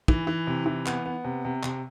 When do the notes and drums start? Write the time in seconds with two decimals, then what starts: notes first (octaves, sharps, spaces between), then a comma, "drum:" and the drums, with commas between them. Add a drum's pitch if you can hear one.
0.08 E3, drum: kick
0.27 E3
0.47 C3
0.66 E3
0.86 B3, drum: clap
1.06 B3
1.24 C3
1.45 C3
1.63 C3, drum: clap